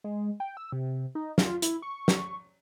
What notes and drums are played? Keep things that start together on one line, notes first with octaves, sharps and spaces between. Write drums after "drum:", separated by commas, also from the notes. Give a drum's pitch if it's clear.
G#3
G5
E6
C3
D#4
F4, drum: snare
E4, drum: hi-hat
C#6
drum: snare